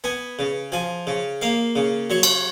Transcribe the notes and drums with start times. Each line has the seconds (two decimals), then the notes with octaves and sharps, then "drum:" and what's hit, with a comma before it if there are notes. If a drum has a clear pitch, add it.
0.04 B3 G#5
0.39 C#3
0.72 F3 G#5
1.07 C#3
1.41 A#3 F5
1.76 C#3
2.10 F#3 C#5
2.23 drum: cymbal